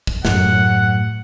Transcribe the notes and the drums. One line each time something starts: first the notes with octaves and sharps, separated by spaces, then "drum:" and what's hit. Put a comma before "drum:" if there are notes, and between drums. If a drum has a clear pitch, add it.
drum: kick
F#2 A2 F#5, drum: snare